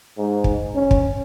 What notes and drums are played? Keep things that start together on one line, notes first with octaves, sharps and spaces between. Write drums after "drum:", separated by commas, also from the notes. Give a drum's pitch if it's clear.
G#2
drum: kick
C#4
drum: kick